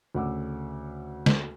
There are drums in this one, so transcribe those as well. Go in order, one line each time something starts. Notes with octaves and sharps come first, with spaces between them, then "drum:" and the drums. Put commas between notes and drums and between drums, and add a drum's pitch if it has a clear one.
D2 C#3 F#5 D6 E6
drum: snare